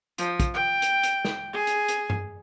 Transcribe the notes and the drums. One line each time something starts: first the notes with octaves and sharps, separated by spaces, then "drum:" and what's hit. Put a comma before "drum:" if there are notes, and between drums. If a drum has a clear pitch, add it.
F3, drum: hi-hat
drum: kick, hi-hat
G5
drum: hi-hat
drum: hi-hat
drum: snare
G#4
drum: hi-hat
drum: hi-hat
drum: tom G2